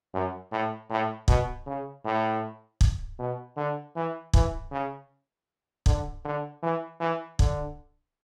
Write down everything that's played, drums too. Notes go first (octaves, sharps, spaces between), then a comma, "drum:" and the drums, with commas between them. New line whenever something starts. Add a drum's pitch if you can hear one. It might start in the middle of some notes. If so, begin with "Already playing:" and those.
F#2
A2
A2
B2, drum: kick
C#3
A2
drum: kick
B2
D3
E3
E3, drum: kick
C#3
D3, drum: kick
D3
E3
E3
D3, drum: kick